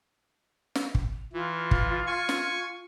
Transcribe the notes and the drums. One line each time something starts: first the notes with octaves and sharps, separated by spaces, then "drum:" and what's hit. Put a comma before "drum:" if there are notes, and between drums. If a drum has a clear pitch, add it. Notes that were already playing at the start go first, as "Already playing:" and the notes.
drum: snare
drum: kick
E3 F4
drum: kick
G#5 C#6 G#6
drum: snare